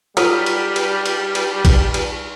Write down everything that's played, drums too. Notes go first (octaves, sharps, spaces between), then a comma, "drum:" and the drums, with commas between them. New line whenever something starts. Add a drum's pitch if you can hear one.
F#3 G3 F4 A4 F6 B6 D#7, drum: cymbal
drum: cymbal
drum: cymbal
drum: cymbal
drum: cymbal
drum: kick, cymbal
drum: cymbal